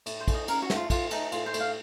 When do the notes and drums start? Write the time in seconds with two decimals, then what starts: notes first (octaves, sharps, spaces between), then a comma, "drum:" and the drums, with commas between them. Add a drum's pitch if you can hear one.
0.06 A2, drum: cymbal
0.20 C5
0.28 A2, drum: kick, cymbal
0.34 D#5
0.48 C#4 A#4, drum: cymbal
0.62 F#4
0.70 A3, drum: snare
0.76 F4
0.90 A2 F4, drum: kick, cymbal
1.11 A3 D#4, drum: cymbal
1.32 A2 F4, drum: cymbal
1.46 C5
1.54 A2, drum: cymbal
1.60 F5